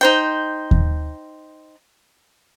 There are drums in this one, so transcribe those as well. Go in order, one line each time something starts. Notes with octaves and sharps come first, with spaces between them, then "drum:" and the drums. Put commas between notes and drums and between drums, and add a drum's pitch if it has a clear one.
D#4 C5 G5
drum: kick D#2